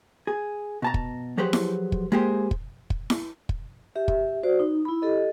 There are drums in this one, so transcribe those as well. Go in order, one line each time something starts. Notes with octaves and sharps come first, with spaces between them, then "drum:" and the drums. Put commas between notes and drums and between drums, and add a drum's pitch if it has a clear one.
G#4
B2 A5 A#5
drum: kick
F3 F#3 G4 G#4 B4 C5
drum: snare E4
drum: kick
G#3 A#3 G4 G#4 C5
drum: kick
drum: kick
drum: snare E4
drum: kick
G4 E5
drum: kick
F#4 C5 D5
D#4
E4 B5
G4 A4 D#5